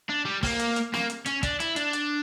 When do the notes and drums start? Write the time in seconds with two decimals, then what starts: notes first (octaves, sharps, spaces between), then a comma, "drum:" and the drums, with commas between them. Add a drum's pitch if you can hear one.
0.10 D4
0.25 G3
0.43 A#3, drum: kick, open hi-hat
0.59 drum: hi-hat
0.76 drum: hi-hat
0.93 A#3, drum: snare
1.10 drum: hi-hat
1.26 C#4, drum: hi-hat
1.43 D4, drum: kick, hi-hat
1.60 E4, drum: hi-hat
1.76 D4, drum: hi-hat
1.93 drum: hi-hat